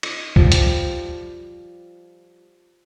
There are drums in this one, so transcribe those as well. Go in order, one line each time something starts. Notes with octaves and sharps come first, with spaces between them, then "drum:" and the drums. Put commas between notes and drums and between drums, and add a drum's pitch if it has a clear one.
D#5, drum: cymbal
F3 G3 G4, drum: kick C2
drum: hi-hat